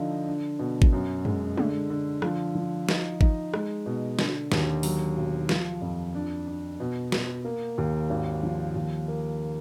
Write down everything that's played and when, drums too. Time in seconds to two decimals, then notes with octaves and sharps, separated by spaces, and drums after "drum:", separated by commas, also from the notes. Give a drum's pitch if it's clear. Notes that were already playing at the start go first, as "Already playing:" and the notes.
Already playing: D3 F3 D#4
0.27 D4
0.59 B2
0.82 drum: kick G#1
0.93 F#2
1.25 G#3, drum: tom
1.58 D3, drum: tom G#3
1.90 D3
2.22 F3, drum: rim click
2.55 F3
2.89 D#4, drum: snare
3.21 D#4, drum: kick G#1
3.54 G#3, drum: rim click
3.86 B2
4.19 D3, drum: snare
4.52 D#2, drum: snare
4.83 F#3, drum: open hi-hat
5.16 B1
5.49 F3, drum: snare
5.82 F2
6.15 D4
6.47 D4
6.80 B2
7.12 B2, drum: snare
7.45 A#3
7.78 D#2
8.10 G#1
8.43 F3
8.75 D#2
9.08 A#3